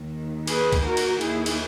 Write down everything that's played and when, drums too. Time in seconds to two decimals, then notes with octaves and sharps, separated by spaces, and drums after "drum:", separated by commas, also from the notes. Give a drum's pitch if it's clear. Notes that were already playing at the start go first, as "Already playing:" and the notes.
Already playing: D#2 D#3
0.47 G#4 B4, drum: cymbal
0.72 drum: kick, cymbal
0.85 F#4 A#4
0.97 drum: cymbal
1.21 D#2 D#3 E4 G#4, drum: cymbal
1.46 drum: cymbal